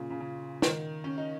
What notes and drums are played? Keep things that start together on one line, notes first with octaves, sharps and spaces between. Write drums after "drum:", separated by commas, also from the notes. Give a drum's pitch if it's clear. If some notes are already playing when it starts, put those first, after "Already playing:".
Already playing: A#2 C#3
C#3
C#3
D#3, drum: snare
C#4
D#4